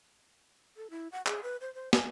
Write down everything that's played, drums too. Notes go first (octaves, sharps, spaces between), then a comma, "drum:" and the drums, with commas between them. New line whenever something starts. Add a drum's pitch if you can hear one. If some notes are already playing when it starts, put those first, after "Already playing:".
A4
E4
F#5
G#4, drum: clap
B4
C5
C5
G#5, drum: snare